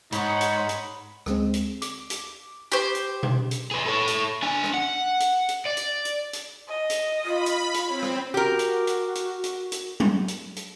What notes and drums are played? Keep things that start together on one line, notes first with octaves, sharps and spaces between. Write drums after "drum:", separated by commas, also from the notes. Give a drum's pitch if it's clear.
G#2 D#4 C#5 F#5 B5, drum: hi-hat
drum: hi-hat
drum: hi-hat
D2 G#3 C4, drum: rim click
drum: hi-hat
D6, drum: hi-hat
drum: hi-hat
G4 C5
drum: hi-hat
drum: tom B2
drum: hi-hat
G#4 B4
A4 C#5
drum: hi-hat
D4 G#5
drum: rim click
F#5
drum: hi-hat
drum: hi-hat
D5
drum: hi-hat
drum: hi-hat
drum: hi-hat
D#5
drum: hi-hat
F4 B5
drum: hi-hat
drum: hi-hat
C4 C#5
drum: rim click
F#4 G4 A#4
drum: hi-hat
drum: hi-hat
drum: hi-hat
drum: hi-hat
drum: hi-hat
drum: tom F#3
drum: hi-hat
drum: hi-hat